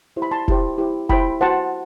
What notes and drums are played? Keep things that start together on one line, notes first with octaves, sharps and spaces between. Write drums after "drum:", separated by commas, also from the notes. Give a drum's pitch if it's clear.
E4 G4 C5
B5
A5 C6
E4 G4 C5, drum: kick
E4 G4 C5
E4 G4 C5 G5 B5, drum: kick
F#4 C5 F#5 A5